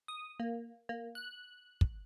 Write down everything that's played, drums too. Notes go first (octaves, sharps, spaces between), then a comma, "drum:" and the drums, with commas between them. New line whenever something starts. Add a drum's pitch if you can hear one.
D#6
A#3
A#3
F#6
drum: kick